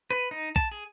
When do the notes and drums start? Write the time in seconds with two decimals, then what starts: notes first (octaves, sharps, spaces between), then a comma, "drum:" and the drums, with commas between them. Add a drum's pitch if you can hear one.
0.11 B4
0.31 D#4
0.56 A5, drum: kick
0.71 G#4